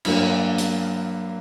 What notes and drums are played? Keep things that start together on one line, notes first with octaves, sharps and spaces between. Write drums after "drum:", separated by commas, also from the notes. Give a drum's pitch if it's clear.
G2 F#3 A#3, drum: cymbal
drum: hi-hat